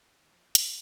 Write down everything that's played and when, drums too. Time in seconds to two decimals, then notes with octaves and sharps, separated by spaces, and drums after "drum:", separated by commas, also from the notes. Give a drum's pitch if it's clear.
0.07 F3
0.19 D#3
0.33 F3
0.55 drum: hi-hat